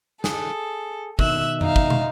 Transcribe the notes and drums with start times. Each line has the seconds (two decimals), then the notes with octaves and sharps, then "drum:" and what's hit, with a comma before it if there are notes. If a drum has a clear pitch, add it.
0.24 G#4 A4, drum: snare
1.19 B2 D#3 E5 E6 F#6, drum: kick
1.61 D#4 E5 F5, drum: tom F2
1.76 drum: kick
1.90 drum: tom